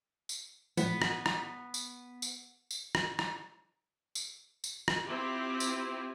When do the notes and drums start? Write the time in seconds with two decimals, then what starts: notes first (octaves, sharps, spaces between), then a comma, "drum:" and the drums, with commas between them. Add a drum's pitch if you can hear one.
0.29 drum: tambourine
0.77 A2 F3 B3, drum: tambourine
1.02 drum: rim click
1.26 drum: rim click
1.74 drum: tambourine
2.22 drum: tambourine
2.71 drum: tambourine
2.95 drum: rim click
3.19 drum: rim click
4.15 drum: tambourine
4.64 drum: tambourine
4.88 drum: rim click
5.05 C4 E4 F4 G4
5.60 drum: tambourine